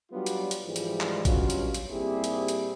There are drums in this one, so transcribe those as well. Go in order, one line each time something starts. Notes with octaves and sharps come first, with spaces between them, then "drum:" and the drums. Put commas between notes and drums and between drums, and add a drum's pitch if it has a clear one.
F#3 G3 B3 D4 F4
drum: hi-hat
drum: hi-hat
G#2 E3 F3 G3 G#3
drum: hi-hat
drum: clap
G2 B2 F#3 C#4 F4, drum: kick, hi-hat
drum: hi-hat
drum: hi-hat
A#2 G3 C4 E4 G4 G#4
drum: hi-hat
drum: hi-hat